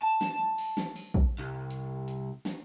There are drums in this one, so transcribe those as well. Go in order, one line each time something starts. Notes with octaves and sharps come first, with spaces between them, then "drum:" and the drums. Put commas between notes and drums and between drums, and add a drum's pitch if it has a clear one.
A5
drum: snare
drum: open hi-hat
drum: snare
drum: open hi-hat
drum: kick
C2
drum: hi-hat
drum: hi-hat
drum: snare